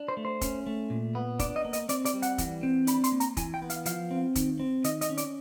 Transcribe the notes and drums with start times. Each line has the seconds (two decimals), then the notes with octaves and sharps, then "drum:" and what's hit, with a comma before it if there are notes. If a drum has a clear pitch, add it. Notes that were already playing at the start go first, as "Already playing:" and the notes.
Already playing: D4
0.08 C5
0.17 A3
0.25 C5
0.41 C#4, drum: kick, hi-hat
0.67 A3
0.90 A#2
1.15 B3
1.39 D4 D5, drum: kick, hi-hat
1.56 D#5
1.65 A#3
1.73 D#5, drum: hi-hat
1.89 C4 D5, drum: hi-hat
2.05 D5, drum: hi-hat
2.14 G3
2.22 F#5, drum: hi-hat
2.38 E3, drum: kick, hi-hat
2.63 C4
2.87 D4 B5, drum: hi-hat
3.04 C6, drum: hi-hat
3.12 A#3
3.20 A#5, drum: hi-hat
3.37 E3 G#5, drum: kick, hi-hat
3.54 G5
3.62 B3
3.70 F5, drum: hi-hat
3.86 F3 F5, drum: hi-hat
4.11 C4
4.35 D#3, drum: kick, hi-hat
4.60 C4
4.84 D#3 D#5, drum: hi-hat
5.01 D#5, drum: hi-hat
5.10 C#4
5.18 D5, drum: hi-hat